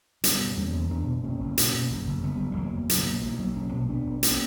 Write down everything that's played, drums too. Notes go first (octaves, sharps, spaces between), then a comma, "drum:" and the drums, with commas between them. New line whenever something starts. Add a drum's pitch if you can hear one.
F#1 G3 B3, drum: hi-hat
B2
E2 A#3 C#4
E2
E2 B3 D4
B2
F#1 A#3 C#4
F#1
B2, drum: hi-hat
B2
F#1
F#1
F#1 G3 B3
F#1
G3
E2 F#3 A#3
F#1
B1 F#3 A#3, drum: hi-hat
B2
B1 F#3 A#3
B1
B1 A#3 C#4
B2
B1 B3 D4
B1
A#3 C#4, drum: hi-hat